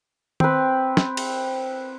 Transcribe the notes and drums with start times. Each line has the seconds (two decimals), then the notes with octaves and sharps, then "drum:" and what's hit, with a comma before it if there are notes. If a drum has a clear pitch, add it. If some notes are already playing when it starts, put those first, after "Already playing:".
0.40 C4 B4, drum: tom D#3
0.97 drum: snare
1.17 drum: cymbal